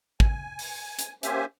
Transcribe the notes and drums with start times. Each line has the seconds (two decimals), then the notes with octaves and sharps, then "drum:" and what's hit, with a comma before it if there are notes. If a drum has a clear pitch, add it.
0.20 G#5, drum: kick
0.59 drum: open hi-hat
0.99 drum: hi-hat
1.23 A#3 C#4 G4 C5 E5 G#5, drum: hi-hat